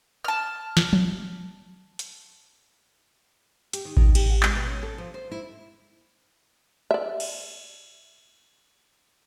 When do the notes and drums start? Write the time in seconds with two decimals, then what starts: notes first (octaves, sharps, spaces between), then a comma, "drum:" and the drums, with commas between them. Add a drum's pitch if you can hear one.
0.25 A5 F6
0.77 drum: snare
0.93 drum: tom F3
1.99 drum: hi-hat
3.73 G4, drum: hi-hat
3.85 D#3
3.97 D#3, drum: kick A1
4.15 G4, drum: cymbal
4.29 F#5
4.43 G#3, drum: clap
4.55 B2
4.67 C#4
4.83 A4
4.98 F3
5.14 C5
5.32 E4
6.91 D5 E5
7.20 drum: cymbal